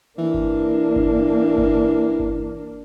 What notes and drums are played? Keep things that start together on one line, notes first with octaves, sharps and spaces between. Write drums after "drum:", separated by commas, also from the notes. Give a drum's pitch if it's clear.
E3 A#3 D4
drum: kick G1
drum: kick G1
drum: kick G1
drum: kick G1